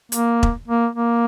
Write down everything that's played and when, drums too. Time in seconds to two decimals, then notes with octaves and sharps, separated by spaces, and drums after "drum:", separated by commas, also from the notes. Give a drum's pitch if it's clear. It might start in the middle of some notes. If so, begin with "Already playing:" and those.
0.12 A#3, drum: hi-hat
0.43 drum: kick E1
0.68 A#3
0.95 A#3